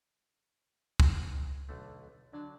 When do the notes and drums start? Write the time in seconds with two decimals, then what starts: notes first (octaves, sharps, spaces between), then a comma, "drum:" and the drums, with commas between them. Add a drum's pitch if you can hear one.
1.00 G#2 D#3 G#4, drum: kick
1.69 B1 D3 A3
2.33 D3 F#3 D4